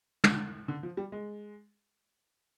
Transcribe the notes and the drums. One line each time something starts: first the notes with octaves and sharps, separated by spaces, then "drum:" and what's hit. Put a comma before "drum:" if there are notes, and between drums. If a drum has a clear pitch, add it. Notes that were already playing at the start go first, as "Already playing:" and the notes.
D3, drum: tom
D3
F3
G3
G#3